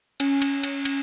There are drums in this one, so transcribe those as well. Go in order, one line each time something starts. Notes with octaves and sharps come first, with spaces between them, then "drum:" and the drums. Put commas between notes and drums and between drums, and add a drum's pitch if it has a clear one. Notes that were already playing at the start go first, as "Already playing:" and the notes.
C#4, drum: cymbal
drum: cymbal
drum: cymbal
drum: cymbal